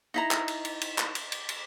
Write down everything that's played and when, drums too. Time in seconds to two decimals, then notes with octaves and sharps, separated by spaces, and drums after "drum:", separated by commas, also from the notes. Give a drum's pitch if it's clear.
0.14 D#4 E4 A#5
0.31 drum: clap
0.48 drum: cymbal
0.65 drum: cymbal
0.81 drum: cymbal
0.98 drum: clap
1.15 drum: cymbal
1.32 drum: cymbal
1.49 drum: cymbal